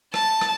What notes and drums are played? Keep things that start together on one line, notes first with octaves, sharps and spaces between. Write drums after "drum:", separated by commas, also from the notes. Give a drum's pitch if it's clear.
A5, drum: rim click
drum: rim click